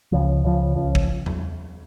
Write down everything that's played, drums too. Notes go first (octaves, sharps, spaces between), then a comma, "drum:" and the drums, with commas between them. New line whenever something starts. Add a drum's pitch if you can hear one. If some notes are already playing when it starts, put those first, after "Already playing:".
C#2 C#3 F3
C#2 C#3 F3
C#2 C#3 F3
drum: kick
drum: tom E2